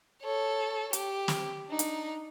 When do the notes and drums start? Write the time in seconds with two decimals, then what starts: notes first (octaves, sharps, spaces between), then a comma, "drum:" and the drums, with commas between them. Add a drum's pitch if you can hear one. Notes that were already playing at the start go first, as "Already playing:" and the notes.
0.22 A4 C#5
0.93 G4, drum: hi-hat
1.28 drum: snare
1.69 D4 D#4
1.79 drum: hi-hat